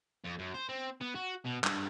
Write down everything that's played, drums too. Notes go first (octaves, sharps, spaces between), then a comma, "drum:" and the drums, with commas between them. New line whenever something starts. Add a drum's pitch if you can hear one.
F2
F#2
C5
C4
B3
F#4
B2
G2, drum: clap